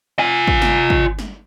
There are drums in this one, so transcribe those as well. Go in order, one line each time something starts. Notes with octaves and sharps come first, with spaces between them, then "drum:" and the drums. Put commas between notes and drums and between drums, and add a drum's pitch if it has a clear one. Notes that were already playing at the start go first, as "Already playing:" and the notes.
F4 G#5
drum: kick
drum: snare
drum: kick
drum: snare